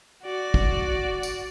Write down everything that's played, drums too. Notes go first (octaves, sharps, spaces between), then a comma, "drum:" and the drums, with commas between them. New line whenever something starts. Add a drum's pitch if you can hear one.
F#4 D5
drum: kick
drum: tambourine